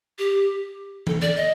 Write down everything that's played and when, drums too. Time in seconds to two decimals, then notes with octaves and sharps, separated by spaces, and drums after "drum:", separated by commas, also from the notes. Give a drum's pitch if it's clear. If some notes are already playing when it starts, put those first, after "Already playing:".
0.19 G4
1.07 A4, drum: tom E3
1.22 D5
1.36 D#5